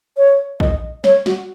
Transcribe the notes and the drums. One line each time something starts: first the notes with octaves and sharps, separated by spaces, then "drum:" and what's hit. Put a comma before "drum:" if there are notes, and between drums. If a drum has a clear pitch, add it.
C#5
D#5, drum: kick
C#5, drum: snare
F#4, drum: snare